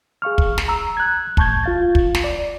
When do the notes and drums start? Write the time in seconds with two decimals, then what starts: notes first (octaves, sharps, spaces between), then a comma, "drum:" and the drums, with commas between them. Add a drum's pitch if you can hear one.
0.22 G#4 F5 C#6 F6
0.38 drum: kick
0.58 drum: snare
0.68 A#5 E6
0.97 F#6 G#6
1.37 A2 A5 C#6 G6 G#6, drum: kick
1.64 F4 F5 A6
1.95 drum: kick
2.15 drum: snare
2.24 D5